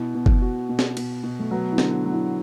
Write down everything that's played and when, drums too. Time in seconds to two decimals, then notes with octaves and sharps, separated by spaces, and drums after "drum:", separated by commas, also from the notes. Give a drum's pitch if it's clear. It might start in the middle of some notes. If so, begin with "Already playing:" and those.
Already playing: B2 E4
0.15 B2
0.26 drum: kick F#1
0.41 F#4
0.69 B2
0.79 drum: snare
0.97 B2, drum: cymbal
1.23 B2
1.40 A3
1.51 F#3 B3
1.72 E4
1.78 D3, drum: snare
2.06 F#3
2.13 E4